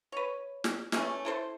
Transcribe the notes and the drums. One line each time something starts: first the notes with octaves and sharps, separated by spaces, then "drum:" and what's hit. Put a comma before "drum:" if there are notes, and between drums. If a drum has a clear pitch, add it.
B4 C#5
drum: snare
E3 A3 C#4, drum: snare
E4 A4 C5